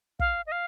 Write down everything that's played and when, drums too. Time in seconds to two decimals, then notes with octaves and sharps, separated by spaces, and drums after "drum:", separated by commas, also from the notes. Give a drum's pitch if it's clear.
0.19 F5, drum: kick
0.47 D#5
0.52 F5